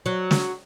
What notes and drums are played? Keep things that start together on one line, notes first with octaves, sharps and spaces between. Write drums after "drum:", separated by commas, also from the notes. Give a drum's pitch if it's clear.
F#3
drum: snare